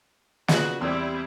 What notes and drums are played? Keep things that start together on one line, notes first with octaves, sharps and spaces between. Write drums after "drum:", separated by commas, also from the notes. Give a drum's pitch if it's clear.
A#2 C#3 B3 F#4, drum: snare
E2 G3 C4 E4 C6 E6